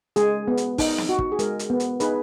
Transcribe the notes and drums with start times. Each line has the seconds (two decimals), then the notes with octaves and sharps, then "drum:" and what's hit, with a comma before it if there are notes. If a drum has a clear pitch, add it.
0.16 G#3 G#4, drum: hi-hat
0.48 B3
0.57 drum: hi-hat
0.78 D#4, drum: kick, open hi-hat
0.98 drum: snare
1.09 F#4
1.19 drum: kick
1.32 G#4
1.39 G#3 A#4, drum: hi-hat
1.59 drum: hi-hat
1.70 B3
1.80 drum: hi-hat
2.00 D#4 G#4 B4, drum: hi-hat